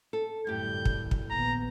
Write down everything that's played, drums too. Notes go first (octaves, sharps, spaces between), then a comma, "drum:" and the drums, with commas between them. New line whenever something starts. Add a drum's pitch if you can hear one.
A4
G1 F#2 A2 G3 G4 G6
drum: kick
drum: kick
A#1 D#2 B3 A#5